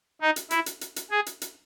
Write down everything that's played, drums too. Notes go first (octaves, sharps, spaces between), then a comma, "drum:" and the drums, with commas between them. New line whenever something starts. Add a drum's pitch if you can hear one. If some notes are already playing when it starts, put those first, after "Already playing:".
D#4
drum: hi-hat
E4, drum: hi-hat
drum: hi-hat
drum: hi-hat
drum: hi-hat
G#4
drum: hi-hat
drum: hi-hat